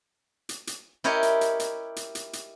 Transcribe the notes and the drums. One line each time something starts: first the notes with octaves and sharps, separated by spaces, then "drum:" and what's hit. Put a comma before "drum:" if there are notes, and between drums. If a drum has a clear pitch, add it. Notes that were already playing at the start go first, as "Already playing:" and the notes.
drum: hi-hat
drum: hi-hat
E4 G4 A#4 C#5 D#5
drum: hi-hat
drum: hi-hat
drum: hi-hat
drum: hi-hat
drum: hi-hat
drum: hi-hat